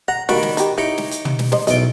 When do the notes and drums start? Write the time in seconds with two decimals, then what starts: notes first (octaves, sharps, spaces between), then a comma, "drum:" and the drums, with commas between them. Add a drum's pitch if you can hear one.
0.08 F#5 A#5
0.29 D#3 G3 A#3 D4 F#4 B5, drum: snare
0.43 drum: snare
0.57 D#4 G4, drum: hi-hat
0.78 D#4 E4 G4 C#5
0.98 drum: snare
1.11 drum: hi-hat
1.25 drum: tom
1.39 drum: snare
1.52 C5 D#5, drum: snare
1.67 B1 E2 D#5 G5, drum: hi-hat